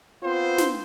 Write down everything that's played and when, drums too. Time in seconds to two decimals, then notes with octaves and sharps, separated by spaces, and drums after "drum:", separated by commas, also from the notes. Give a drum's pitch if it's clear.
0.23 B3 C4 F4 C5
0.58 drum: snare